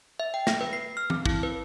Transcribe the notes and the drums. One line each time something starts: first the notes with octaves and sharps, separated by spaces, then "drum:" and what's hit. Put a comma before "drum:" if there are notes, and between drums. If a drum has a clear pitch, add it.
E5
G5
A#6, drum: snare
B4
C7
F6
C4, drum: tom E3
E4, drum: kick
B4